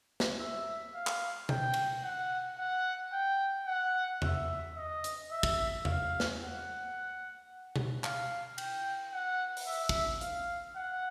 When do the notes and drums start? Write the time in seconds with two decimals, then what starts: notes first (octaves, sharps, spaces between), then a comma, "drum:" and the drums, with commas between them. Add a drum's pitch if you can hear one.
0.20 drum: snare
0.40 E5
0.94 F5
1.07 drum: clap
1.49 G5, drum: tom B2
1.74 drum: cymbal
2.03 F#5
2.59 F#5
3.13 G5
3.67 F#5
4.22 E5, drum: tom E2
4.76 D#5
5.04 drum: hi-hat
5.31 E5
5.43 drum: kick
5.85 F5, drum: tom E2
6.20 drum: snare
6.40 F#5
7.76 drum: tom B2
8.04 F5, drum: clap
8.58 G5, drum: cymbal
9.12 F#5
9.57 drum: open hi-hat
9.66 E5
9.89 drum: kick
10.21 F5, drum: hi-hat
10.76 F#5